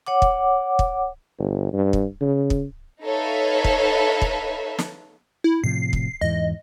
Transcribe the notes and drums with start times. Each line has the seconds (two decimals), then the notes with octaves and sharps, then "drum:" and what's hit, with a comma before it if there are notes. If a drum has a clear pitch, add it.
0.07 C#5 F#5 D6
0.22 drum: kick
0.79 drum: kick
1.39 G1
1.73 G2
1.93 drum: kick
2.21 C#3
2.50 drum: kick
3.03 D#4 A4 B4 C#5 E5 F5
3.64 drum: kick
4.22 drum: kick
4.79 drum: snare
5.44 E4
5.64 A2 C3 F3 C7
5.93 drum: kick
6.21 E2 G#2 E3 D#5